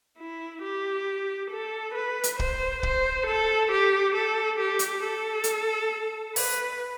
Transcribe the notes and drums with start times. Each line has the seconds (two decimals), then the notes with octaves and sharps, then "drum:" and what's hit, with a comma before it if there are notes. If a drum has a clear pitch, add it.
0.18 E4
0.63 G4
1.51 A4
1.95 B4
2.24 drum: hi-hat
2.39 C5, drum: kick
2.83 C5, drum: kick
3.27 A4
3.72 G4
4.15 A4
4.60 G4
4.79 drum: hi-hat
5.04 A4
5.44 drum: hi-hat
6.36 B4, drum: open hi-hat